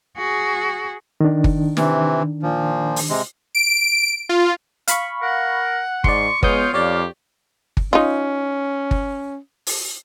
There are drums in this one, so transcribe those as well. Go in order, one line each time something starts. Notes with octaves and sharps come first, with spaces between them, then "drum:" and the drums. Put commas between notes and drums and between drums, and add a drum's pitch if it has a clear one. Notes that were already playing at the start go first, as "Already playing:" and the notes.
F#4 G#4
D#3 D4
drum: kick G1
C3 E3, drum: snare
A#2 F3
drum: open hi-hat
C3 G#3
D7
F4
F5 B5 C#6, drum: hi-hat
A#4 F#5
G#2 D5 C6 C#6, drum: kick G1
G#3 B3 F4 C#5 D#6 G6, drum: kick G1
F2 G4 C#5 D5 F5
drum: kick G1
C#4 D#4 F4
drum: kick G1
drum: open hi-hat